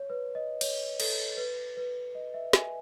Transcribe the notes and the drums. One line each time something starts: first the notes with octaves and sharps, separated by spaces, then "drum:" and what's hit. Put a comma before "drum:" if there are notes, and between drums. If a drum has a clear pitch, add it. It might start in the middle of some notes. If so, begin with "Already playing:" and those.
Already playing: C#5
B4
D#5
C#5, drum: cymbal
A4, drum: cymbal
B4
B4
D#5
E5
G#5, drum: snare